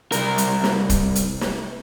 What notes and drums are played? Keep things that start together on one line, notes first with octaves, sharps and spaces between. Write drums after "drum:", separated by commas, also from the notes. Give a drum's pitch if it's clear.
C2 A#4, drum: hi-hat
drum: hi-hat
drum: snare
drum: kick, hi-hat
drum: hi-hat
drum: snare